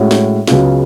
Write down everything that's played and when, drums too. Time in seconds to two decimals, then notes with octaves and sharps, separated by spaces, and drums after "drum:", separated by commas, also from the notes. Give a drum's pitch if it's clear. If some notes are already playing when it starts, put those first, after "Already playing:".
Already playing: A2 G#3 C#4 F#4
0.11 drum: snare
0.48 C#2 C#3 F#3 B3 F4, drum: snare